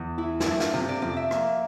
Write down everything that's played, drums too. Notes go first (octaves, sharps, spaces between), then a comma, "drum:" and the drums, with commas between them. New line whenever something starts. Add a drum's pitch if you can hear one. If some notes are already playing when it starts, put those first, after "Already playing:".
Already playing: E2
E3 E4
D4, drum: snare
G2 E4
F4, drum: snare
C3 F4
D5
F2 D5
E5
A#3, drum: rim click